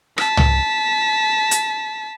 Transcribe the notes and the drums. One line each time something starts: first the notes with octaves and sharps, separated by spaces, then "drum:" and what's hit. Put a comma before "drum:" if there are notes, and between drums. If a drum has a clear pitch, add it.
A5 B6, drum: rim click
drum: tom
drum: hi-hat